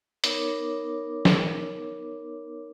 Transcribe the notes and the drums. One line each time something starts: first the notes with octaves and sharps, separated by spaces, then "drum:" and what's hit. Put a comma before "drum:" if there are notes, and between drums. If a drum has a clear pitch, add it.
B3 D#4 A#4 C#5 D6, drum: hi-hat
drum: snare